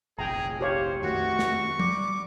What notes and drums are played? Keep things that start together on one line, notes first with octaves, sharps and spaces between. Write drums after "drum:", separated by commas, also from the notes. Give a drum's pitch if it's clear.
F1 A#1 G#4 G5 A#5
G4 C5 C#5 F5
F2 D#3 A3 F#4 C#6
drum: snare
G3 D6, drum: tom F3